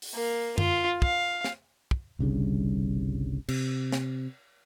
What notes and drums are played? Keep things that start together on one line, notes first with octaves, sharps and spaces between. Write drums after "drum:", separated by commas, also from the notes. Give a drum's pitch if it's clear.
drum: open hi-hat
A#3
F4, drum: tom F#2
F5, drum: kick
drum: snare
drum: kick
G1 C2 G2 C#3
C3, drum: cymbal
drum: snare